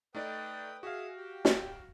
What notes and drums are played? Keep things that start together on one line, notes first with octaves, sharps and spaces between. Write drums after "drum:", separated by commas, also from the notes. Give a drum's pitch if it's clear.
A3 D#4 B4 D5 G5 D#6
F#4 G#4 E5 F5 D#6
G4 G5
drum: snare